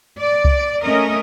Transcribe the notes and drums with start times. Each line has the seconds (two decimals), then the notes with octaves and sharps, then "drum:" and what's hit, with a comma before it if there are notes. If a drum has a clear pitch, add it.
0.19 D5
0.44 drum: kick C2
0.82 A3 C#4 A#4 D#5